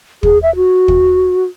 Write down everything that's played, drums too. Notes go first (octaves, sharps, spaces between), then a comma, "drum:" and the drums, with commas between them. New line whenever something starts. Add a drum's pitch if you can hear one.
G#4, drum: kick
E5
F#4
drum: kick